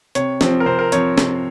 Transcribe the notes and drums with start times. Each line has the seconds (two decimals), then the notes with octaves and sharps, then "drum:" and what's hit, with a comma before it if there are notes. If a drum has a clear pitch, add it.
0.15 C3 C#5, drum: hi-hat
0.41 F3 C4, drum: snare
0.60 A#4
0.66 C3 C5
0.79 A#4
0.92 F3 C4 C#5, drum: hi-hat
1.18 C3, drum: snare